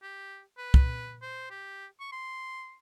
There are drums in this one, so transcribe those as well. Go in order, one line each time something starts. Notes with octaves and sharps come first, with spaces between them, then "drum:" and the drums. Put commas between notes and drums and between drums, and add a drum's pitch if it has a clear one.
G4
B4
drum: kick
C5
G4
C#6
C6